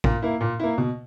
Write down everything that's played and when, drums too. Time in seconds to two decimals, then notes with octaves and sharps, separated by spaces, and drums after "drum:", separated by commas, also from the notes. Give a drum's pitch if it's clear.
0.04 A#2, drum: kick A1
0.22 A#3 E4
0.41 A#2
0.60 A#3 E4
0.78 B2